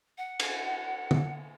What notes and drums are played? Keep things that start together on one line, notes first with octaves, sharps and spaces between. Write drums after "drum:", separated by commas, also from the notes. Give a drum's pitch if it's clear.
F#5
drum: cymbal
drum: tom